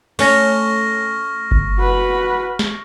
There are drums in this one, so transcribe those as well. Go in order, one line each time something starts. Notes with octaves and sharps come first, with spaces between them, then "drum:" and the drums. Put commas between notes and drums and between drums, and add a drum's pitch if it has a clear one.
A3 C#4 C#6 F6 A#6, drum: cymbal
drum: kick G1
F#4 B4
drum: snare